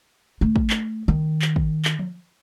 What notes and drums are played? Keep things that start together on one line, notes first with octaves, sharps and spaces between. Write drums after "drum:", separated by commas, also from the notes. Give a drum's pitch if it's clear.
A3
drum: kick
drum: clap
D#3
drum: clap
drum: kick
drum: clap
drum: tom F3